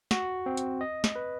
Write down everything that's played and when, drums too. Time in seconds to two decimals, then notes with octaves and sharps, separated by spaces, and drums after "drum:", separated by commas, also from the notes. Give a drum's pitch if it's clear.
0.11 F#4, drum: snare
0.46 C4
0.57 drum: hi-hat
0.81 D#5
1.04 drum: snare
1.16 B4